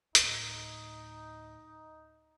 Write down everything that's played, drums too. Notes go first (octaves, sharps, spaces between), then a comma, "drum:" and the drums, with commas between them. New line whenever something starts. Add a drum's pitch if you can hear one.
D2 A2 D#4, drum: hi-hat